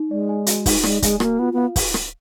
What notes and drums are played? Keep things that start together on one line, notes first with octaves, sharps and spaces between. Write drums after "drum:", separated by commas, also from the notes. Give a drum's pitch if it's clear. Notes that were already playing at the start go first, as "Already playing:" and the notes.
Already playing: D#4
G#3 D5
G#5
F#4, drum: hi-hat
D#4, drum: kick, open hi-hat
G#3 D5, drum: rim click
G#3 G#5, drum: kick, hi-hat
A#3 F#4, drum: rim click
B3 F4
B3 F5
drum: kick, open hi-hat
drum: rim click